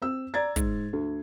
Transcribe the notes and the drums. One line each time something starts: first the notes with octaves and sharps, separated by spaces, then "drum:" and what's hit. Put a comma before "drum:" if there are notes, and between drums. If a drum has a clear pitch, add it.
C4 E6
D5 A#5 G#6 A6
G#2, drum: kick, hi-hat
D2